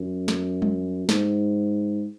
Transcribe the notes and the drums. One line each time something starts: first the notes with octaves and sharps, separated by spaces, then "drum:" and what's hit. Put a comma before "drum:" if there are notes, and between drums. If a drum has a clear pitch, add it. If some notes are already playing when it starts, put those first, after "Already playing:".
Already playing: F#2
drum: snare
drum: tom G3
G#2, drum: snare